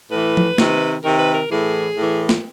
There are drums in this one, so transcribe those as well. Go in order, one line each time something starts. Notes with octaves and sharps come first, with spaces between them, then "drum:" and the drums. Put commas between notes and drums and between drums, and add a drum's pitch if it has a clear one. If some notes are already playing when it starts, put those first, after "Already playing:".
A2 E3 B4
drum: tom F3
C3 D#3, drum: snare
C3 D#3 A#4
B4
A#4
A2 E3 G#4
A2 E3
drum: snare